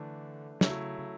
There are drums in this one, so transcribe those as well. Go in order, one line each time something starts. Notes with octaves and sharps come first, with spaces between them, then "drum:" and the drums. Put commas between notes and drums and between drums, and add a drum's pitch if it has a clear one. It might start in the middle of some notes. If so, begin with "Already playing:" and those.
Already playing: D3 E3 A3 D4
C#3 F#3 A3 E4, drum: snare
C#3